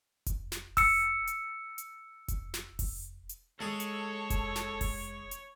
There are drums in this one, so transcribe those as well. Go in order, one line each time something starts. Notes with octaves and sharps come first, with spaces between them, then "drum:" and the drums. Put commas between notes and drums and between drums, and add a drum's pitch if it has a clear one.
drum: kick F1, hi-hat
drum: snare
E6 C#7, drum: kick F1, open hi-hat
drum: hi-hat
drum: hi-hat
drum: kick F1, hi-hat
drum: snare
drum: kick F1, open hi-hat
drum: hi-hat
G#3 G#4 A4 C#5
drum: hi-hat
drum: kick F1, hi-hat
drum: snare
drum: kick F1, open hi-hat
drum: hi-hat